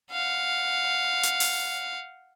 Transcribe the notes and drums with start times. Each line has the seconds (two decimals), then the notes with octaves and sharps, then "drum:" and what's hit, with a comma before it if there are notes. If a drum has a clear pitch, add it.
0.12 F5 F#5
1.23 drum: hi-hat
1.40 drum: open hi-hat